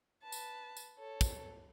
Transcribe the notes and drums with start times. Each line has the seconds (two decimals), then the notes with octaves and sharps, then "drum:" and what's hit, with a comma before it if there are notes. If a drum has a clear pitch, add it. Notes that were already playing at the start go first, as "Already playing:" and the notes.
0.23 B4 A5
0.32 drum: tambourine
0.77 drum: tambourine
0.99 A4 C#5
1.21 drum: kick, tambourine